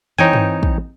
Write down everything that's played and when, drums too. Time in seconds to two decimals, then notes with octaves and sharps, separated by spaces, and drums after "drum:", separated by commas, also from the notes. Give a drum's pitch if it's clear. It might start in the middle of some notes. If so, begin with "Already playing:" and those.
0.18 E3 C4 D#4 C#5 G5 G#5
0.33 drum: tom G2
0.63 drum: kick